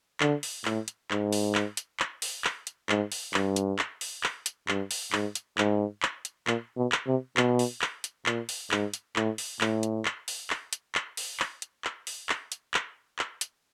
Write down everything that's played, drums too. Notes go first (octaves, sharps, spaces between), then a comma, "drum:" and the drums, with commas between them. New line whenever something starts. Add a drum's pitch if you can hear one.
D3, drum: clap
drum: open hi-hat
A2, drum: clap
drum: hi-hat
G#2, drum: clap
drum: open hi-hat
drum: clap
drum: hi-hat
drum: clap
drum: open hi-hat
drum: clap
drum: hi-hat
G#2, drum: clap
drum: open hi-hat
G2, drum: clap
drum: hi-hat
drum: clap
drum: open hi-hat
drum: clap
drum: hi-hat
G2, drum: clap
drum: open hi-hat
G#2, drum: clap
drum: hi-hat
G#2, drum: clap
drum: clap
drum: hi-hat
A#2, drum: clap
B2
drum: clap
C3
B2, drum: clap
drum: open hi-hat
drum: clap
drum: hi-hat
A#2, drum: clap
drum: open hi-hat
G#2, drum: clap
drum: hi-hat
A2, drum: clap
drum: open hi-hat
A2, drum: clap
drum: hi-hat
drum: clap
drum: open hi-hat
drum: clap
drum: hi-hat
drum: clap
drum: open hi-hat
drum: clap
drum: hi-hat
drum: clap
drum: open hi-hat
drum: clap
drum: hi-hat
drum: clap
drum: clap
drum: hi-hat